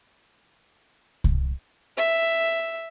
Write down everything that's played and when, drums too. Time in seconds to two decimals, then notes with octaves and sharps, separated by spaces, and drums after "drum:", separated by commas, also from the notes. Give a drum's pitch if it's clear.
1.24 drum: kick C2
1.97 E5